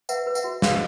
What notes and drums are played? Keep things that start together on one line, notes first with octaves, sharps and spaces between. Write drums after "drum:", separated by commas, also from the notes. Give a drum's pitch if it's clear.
B4 E5 F#5, drum: tambourine
B4
E5 F#5, drum: tambourine
F#4
F#4 D#5 F5, drum: snare